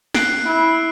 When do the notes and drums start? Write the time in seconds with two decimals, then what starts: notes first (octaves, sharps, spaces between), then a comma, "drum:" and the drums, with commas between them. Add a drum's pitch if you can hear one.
0.14 F#6 C7 D7, drum: snare
0.46 E4